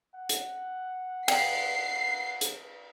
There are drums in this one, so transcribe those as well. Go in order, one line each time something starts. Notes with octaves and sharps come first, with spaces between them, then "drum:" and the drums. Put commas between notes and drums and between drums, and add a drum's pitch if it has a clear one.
F#5
drum: hi-hat
G5 C7, drum: cymbal
drum: hi-hat